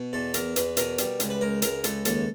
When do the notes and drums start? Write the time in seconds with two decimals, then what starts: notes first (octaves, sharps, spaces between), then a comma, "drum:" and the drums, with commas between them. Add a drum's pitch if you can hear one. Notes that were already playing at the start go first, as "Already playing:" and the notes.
Already playing: B2
0.13 E2 A4
0.34 E2 A#4, drum: hi-hat
0.56 E2 B4, drum: hi-hat
0.77 B2 A#4, drum: hi-hat
0.98 G3, drum: hi-hat
1.20 C#2, drum: hi-hat
1.30 B4
1.41 C#2 A#4
1.62 C#2 A#4, drum: hi-hat
1.84 C#2 A4, drum: hi-hat
2.05 D#2 A4, drum: hi-hat